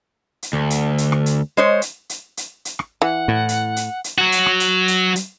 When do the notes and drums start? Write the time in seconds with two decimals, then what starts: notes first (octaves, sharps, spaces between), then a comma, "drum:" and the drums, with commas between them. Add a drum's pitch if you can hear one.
0.43 drum: hi-hat
0.53 D2
0.70 drum: hi-hat
0.98 drum: hi-hat
1.12 drum: rim click
1.26 drum: hi-hat
1.57 G#3 C5 C#5
1.82 drum: hi-hat
2.09 drum: hi-hat
2.37 drum: hi-hat
2.65 drum: hi-hat
2.79 drum: rim click
3.02 E3 F#5
3.28 A2
3.49 drum: hi-hat
3.76 drum: hi-hat
4.04 drum: hi-hat
4.18 F#3 F#4
4.32 drum: hi-hat
4.46 drum: rim click
4.60 drum: hi-hat
4.88 drum: hi-hat
5.16 drum: hi-hat